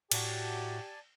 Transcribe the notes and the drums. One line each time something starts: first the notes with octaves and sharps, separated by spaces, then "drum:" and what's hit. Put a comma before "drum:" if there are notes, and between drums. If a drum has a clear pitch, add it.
A2 F#3 A3 F#4 G4 D5 G#5 A5, drum: cymbal